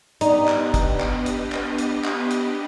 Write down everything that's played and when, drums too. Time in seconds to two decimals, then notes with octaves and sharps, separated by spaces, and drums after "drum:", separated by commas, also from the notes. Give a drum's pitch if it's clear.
0.21 B3 D4 D#4 G4 B4 D#5, drum: hi-hat
0.48 drum: clap
0.74 drum: kick, hi-hat
1.00 drum: clap
1.26 drum: hi-hat
1.52 drum: clap
1.78 drum: hi-hat
2.05 drum: clap
2.31 drum: hi-hat